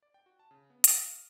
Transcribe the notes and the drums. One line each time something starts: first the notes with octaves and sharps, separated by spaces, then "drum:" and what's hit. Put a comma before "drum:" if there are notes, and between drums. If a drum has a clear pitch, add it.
D5
G5
F#4
A5
C#3
B3
F5, drum: hi-hat
D#7
F6